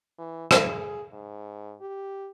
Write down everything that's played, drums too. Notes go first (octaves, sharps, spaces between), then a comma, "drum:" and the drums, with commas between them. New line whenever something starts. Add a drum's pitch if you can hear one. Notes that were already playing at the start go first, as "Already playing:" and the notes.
E3
drum: rim click
G#4
G#2
G4